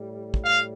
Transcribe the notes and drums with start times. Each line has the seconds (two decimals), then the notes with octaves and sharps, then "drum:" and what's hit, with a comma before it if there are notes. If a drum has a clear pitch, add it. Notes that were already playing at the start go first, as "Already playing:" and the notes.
Already playing: A2 G3
0.34 drum: kick
0.44 F5